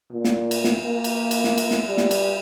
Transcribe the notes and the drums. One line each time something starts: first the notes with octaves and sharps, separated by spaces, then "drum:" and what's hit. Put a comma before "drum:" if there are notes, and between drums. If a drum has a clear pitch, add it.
A#2
drum: snare
drum: cymbal
drum: snare
A#3
drum: cymbal
drum: cymbal
drum: snare
drum: cymbal
drum: snare
G3
drum: snare
drum: cymbal